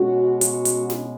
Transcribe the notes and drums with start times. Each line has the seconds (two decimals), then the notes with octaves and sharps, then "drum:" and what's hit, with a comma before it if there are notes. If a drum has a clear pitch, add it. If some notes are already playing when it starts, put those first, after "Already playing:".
Already playing: B2 G#3 C#4 F#4
0.41 F#4, drum: hi-hat
0.65 drum: hi-hat
0.90 drum: snare